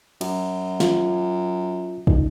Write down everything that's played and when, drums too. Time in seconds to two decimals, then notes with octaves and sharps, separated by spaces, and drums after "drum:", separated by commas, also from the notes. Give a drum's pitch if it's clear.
0.21 F#2, drum: cymbal
0.80 F4, drum: snare
2.07 A#2 C#3 D#4, drum: kick